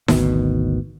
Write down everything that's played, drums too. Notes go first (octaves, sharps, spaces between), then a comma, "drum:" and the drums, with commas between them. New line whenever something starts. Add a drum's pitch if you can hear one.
G#1 D2 B2 D#3, drum: snare D#4